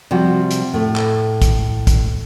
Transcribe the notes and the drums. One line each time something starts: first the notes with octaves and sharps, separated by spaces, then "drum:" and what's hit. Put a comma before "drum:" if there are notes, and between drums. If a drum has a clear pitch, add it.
C3 F3 G3 F#4
drum: hi-hat
A2 A3
drum: clap
drum: kick, hi-hat
drum: kick, hi-hat